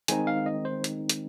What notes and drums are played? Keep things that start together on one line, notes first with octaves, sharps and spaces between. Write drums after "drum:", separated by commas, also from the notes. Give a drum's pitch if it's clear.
D#3 G#3 C4 D#4 G#5, drum: hi-hat
F5
D#5
C5
drum: hi-hat
drum: hi-hat